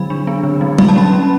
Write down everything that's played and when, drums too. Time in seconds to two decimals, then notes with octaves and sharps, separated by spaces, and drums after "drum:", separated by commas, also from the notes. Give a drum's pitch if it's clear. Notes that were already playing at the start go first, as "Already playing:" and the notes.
Already playing: D3 F#3 B5
0.10 D4
0.27 B3
0.44 D3
0.61 F#3
0.78 F#3 B5, drum: tom F#3
0.88 A5
0.96 C#4 B5
1.13 C#4